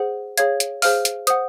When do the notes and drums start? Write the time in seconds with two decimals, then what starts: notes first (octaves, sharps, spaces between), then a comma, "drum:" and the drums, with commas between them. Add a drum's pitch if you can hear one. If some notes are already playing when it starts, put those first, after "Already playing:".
Already playing: G#4 C5 F#5
0.38 G#4 C#5 F5 G#6, drum: hi-hat
0.60 drum: hi-hat
0.82 G#4 C5 F5 F6, drum: open hi-hat
1.05 drum: hi-hat
1.27 C5 F#5 D#6, drum: hi-hat